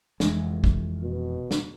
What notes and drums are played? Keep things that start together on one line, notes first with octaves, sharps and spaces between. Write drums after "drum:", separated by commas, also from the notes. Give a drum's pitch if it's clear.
F1 E3 G#3, drum: snare
drum: kick
B2
drum: snare